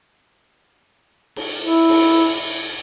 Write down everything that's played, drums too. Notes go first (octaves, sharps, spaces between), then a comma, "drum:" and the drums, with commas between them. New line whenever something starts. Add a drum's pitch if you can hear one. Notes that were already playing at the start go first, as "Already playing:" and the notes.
drum: cymbal
E4
drum: cymbal